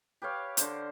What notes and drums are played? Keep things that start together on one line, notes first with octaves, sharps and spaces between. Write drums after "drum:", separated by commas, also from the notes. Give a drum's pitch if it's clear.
G4 B4 C#5 F5
D3 C5, drum: hi-hat